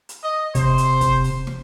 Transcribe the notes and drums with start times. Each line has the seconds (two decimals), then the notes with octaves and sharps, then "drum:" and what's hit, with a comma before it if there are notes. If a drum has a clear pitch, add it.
0.09 drum: hi-hat
0.23 D#5
0.55 C3 C5, drum: kick, hi-hat
0.78 drum: hi-hat
1.01 drum: kick, hi-hat
1.24 drum: open hi-hat
1.47 drum: snare